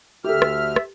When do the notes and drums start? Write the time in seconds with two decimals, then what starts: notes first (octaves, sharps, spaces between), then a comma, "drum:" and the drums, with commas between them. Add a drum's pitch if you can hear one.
0.24 D2 G4 A4 E5 F6
0.42 drum: rim click
0.76 drum: rim click